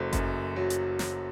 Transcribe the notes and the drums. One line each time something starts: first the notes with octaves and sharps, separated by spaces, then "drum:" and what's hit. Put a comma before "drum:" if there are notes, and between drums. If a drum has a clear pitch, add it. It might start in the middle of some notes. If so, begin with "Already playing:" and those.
Already playing: F#1 F#3 A4 C5
F#2, drum: kick G1, hi-hat
F#3
drum: hi-hat
F#3, drum: snare